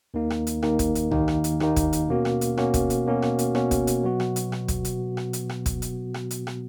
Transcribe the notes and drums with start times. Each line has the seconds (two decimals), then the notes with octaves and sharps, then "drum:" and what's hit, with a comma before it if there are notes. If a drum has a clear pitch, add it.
0.14 D#2 D#3 A#3 D#4
0.30 drum: rim click
0.47 drum: hi-hat
0.62 D#2 D#3 A#3 D#4, drum: rim click
0.79 drum: kick, hi-hat
0.95 drum: hi-hat
1.11 D#2 D#3 A#3 D#4, drum: tom
1.28 drum: rim click
1.44 drum: hi-hat
1.60 D#2 D#3 A#3 D#4, drum: rim click
1.76 drum: kick, hi-hat
1.93 drum: hi-hat
2.09 B2 A#3 C#4 F#4
2.25 drum: rim click
2.41 drum: hi-hat
2.57 B2 A#3 C#4 F#4, drum: rim click
2.74 drum: kick, hi-hat
2.90 drum: hi-hat
3.07 B2 A#3 C#4 F#4
3.22 drum: rim click
3.39 drum: hi-hat
3.55 B2 A#3 C#4 F#4, drum: rim click
3.71 drum: kick, hi-hat
3.87 drum: hi-hat
4.03 B2 F#3 B3 F#4
4.20 drum: rim click
4.36 drum: hi-hat
4.52 drum: rim click
4.68 drum: kick, hi-hat
4.85 drum: hi-hat
5.17 drum: rim click
5.33 drum: hi-hat
5.49 drum: rim click
5.66 drum: kick, hi-hat
5.82 drum: hi-hat
6.14 drum: rim click
6.31 drum: hi-hat
6.47 drum: rim click